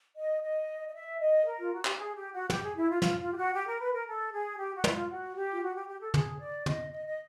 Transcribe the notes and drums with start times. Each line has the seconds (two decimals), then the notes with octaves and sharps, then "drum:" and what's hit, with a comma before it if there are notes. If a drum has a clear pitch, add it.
0.16 D#5
0.42 D#5
0.87 D#5
0.94 E5
1.20 D#5
1.46 A#4
1.59 F4
1.72 F#4
1.85 G4, drum: clap
1.98 G#4
2.15 G4
2.33 F#4
2.50 G4, drum: snare
2.62 G#4
2.76 E4
2.89 F4
3.02 F4, drum: snare
3.19 F4
3.32 G4
3.36 F#4
3.54 G4
3.67 A#4
3.80 B4
3.93 A#4
4.06 A4
4.32 G#4
4.58 G4
4.75 F#4
4.84 E4, drum: tom
4.93 F4
5.10 F#4
5.36 G4
5.52 F4
5.62 F#4
5.75 G4
5.88 G4
6.01 A4
6.14 G#4, drum: tom
6.40 D5
6.66 D#5, drum: tom
6.92 D#5
7.07 D#5